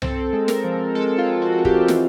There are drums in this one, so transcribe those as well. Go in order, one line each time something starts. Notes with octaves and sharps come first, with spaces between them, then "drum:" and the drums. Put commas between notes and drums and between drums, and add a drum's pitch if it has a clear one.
C4 A4, drum: tom C2
G#3
A#4, drum: snare
F3
G#3 A4
F4
G#3
F#4
C4
G4, drum: kick
E3 F4, drum: snare